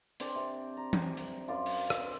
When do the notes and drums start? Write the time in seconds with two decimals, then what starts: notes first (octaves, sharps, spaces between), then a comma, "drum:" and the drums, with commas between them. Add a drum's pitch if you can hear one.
0.20 C4 D4 D5, drum: hi-hat
0.35 C3
0.77 A#5
0.93 drum: tom E3
1.17 drum: hi-hat
1.48 F#2 F4 D5
1.66 drum: open hi-hat
1.90 drum: rim click